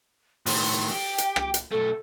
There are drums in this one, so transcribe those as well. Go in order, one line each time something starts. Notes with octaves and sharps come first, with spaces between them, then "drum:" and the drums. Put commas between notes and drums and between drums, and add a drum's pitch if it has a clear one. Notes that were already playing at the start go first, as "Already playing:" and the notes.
A2 D#3 C6, drum: open hi-hat
G4 G5
drum: hi-hat
drum: rim click
drum: hi-hat
B1 A3 A4